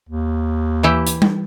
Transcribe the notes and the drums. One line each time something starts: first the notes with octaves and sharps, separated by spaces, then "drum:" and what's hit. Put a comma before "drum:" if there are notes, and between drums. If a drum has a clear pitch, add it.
D#2
E3 E4 G4
drum: hi-hat
drum: tom G3